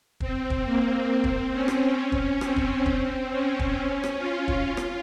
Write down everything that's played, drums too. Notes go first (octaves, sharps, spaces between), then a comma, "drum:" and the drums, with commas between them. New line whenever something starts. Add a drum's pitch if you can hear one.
C4, drum: kick
drum: kick
A#3
C4
drum: kick
C#4
drum: rim click
C#4
drum: kick
C4, drum: rim click
drum: kick
drum: kick
C#4
drum: kick
drum: rim click
F4
drum: kick
F4
drum: rim click